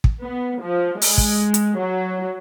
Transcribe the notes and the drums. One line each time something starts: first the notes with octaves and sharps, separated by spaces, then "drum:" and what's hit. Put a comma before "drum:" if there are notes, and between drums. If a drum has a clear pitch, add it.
drum: kick
B3
F3
G#3, drum: open hi-hat
drum: kick
drum: hi-hat
F#3